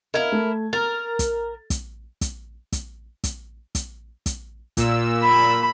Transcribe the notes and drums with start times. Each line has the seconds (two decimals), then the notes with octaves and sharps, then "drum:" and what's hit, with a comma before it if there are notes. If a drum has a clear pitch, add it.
0.14 E4 A#4 D#5 F5 G#6
0.32 A3
0.73 A#4 A6
1.19 drum: kick, hi-hat
1.70 drum: kick, hi-hat
2.21 drum: kick, hi-hat
2.72 drum: kick, hi-hat
3.24 drum: kick, hi-hat
3.75 drum: kick, hi-hat
4.26 drum: kick, hi-hat
4.77 A#2 E6, drum: kick, hi-hat
5.23 B5